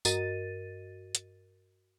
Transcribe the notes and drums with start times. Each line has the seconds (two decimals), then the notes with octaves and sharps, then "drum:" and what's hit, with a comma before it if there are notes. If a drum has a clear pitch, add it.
0.05 G2 F#4 A#4 D#5 A6 D#7, drum: tambourine
1.15 drum: hi-hat